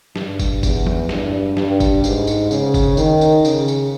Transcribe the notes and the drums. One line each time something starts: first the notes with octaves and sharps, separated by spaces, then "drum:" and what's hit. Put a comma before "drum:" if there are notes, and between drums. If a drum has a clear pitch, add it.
G2, drum: snare
drum: kick G1, tambourine
E2, drum: kick G1, tambourine
drum: tom
G2, drum: snare
G2, drum: snare
drum: kick G1, tambourine
G#2, drum: tambourine
drum: tambourine
C#3, drum: tambourine
drum: kick G1, tambourine
D#3, drum: tambourine
drum: tambourine
C#3, drum: tambourine
drum: tambourine